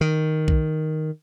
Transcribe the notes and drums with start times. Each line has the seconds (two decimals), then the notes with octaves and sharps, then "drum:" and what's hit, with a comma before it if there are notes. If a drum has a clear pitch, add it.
0.01 D#3
0.48 drum: kick B1